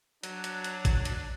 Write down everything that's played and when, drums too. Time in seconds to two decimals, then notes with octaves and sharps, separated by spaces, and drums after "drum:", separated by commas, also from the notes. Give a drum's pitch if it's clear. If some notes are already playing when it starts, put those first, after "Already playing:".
0.23 F#3 D4, drum: hi-hat
0.44 drum: hi-hat
0.64 drum: hi-hat
0.85 drum: kick G#1, hi-hat
1.05 drum: hi-hat